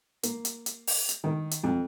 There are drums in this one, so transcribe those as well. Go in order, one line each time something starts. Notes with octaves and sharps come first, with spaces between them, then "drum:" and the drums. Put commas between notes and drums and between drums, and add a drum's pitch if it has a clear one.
A#3, drum: hi-hat
drum: hi-hat
drum: hi-hat
drum: open hi-hat
drum: hi-hat
D#3
drum: hi-hat
F2